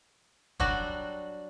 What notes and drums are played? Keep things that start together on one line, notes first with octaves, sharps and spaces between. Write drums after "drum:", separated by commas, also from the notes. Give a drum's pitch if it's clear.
F#3 G3 D4 F#4, drum: kick